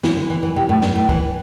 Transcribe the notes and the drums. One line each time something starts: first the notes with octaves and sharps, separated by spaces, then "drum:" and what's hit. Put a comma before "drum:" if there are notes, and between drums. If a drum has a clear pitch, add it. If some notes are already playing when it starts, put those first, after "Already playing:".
E3 E4, drum: snare
D3
E3
E3
C3
A2
G2, drum: snare
A2
E3, drum: kick